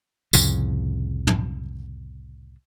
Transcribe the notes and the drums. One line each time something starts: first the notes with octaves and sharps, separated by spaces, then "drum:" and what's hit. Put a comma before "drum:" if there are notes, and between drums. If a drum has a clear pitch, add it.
C2 F2 A2 C#3, drum: tambourine
drum: tom